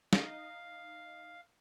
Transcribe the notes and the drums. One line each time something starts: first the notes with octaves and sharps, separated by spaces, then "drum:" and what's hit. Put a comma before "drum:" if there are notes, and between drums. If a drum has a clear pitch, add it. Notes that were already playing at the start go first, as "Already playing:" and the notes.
D#4 D#5 F5, drum: snare